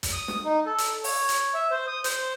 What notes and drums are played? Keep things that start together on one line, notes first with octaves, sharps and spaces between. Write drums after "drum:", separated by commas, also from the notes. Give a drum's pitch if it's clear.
drum: kick, hi-hat
D#6
drum: snare
D#4
A4
drum: hi-hat
C#5, drum: open hi-hat
drum: hi-hat
E5
C5
D#6
C5, drum: hi-hat